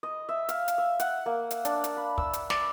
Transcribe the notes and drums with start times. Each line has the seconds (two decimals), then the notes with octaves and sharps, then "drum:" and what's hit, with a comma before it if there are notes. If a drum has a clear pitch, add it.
0.03 D#5
0.29 E5
0.49 F5, drum: hi-hat
0.68 drum: hi-hat
0.78 E5
1.00 F#5, drum: hi-hat
1.26 A#3
1.51 drum: hi-hat
1.65 D4, drum: hi-hat
1.84 drum: hi-hat
1.97 B5
2.18 E6, drum: kick
2.33 drum: hi-hat
2.50 D5, drum: snare